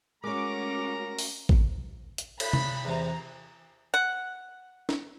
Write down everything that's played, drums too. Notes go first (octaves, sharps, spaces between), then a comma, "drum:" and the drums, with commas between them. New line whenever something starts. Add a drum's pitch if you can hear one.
G#3 A3 C#4 F#4 A#4 C#5 A#5 D6
drum: open hi-hat
drum: kick A1
drum: hi-hat
B5, drum: cymbal
drum: tom C3
E2 C3 A#5
F#5
drum: snare